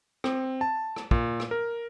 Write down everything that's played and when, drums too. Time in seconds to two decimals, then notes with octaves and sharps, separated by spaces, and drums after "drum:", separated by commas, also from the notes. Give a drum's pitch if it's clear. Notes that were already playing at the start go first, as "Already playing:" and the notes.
0.24 C4, drum: rim click
0.61 A5
0.96 drum: rim click
1.11 A#2, drum: kick
1.40 drum: rim click
1.51 A#4